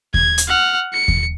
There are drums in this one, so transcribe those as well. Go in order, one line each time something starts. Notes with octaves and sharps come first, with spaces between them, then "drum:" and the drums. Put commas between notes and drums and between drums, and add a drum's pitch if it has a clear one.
G#6, drum: kick D#2
drum: hi-hat
F#5 F6
C#7
drum: kick D#2